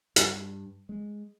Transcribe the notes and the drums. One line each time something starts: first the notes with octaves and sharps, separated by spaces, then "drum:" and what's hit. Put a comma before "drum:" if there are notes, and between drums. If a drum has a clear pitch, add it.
G2, drum: hi-hat
G#3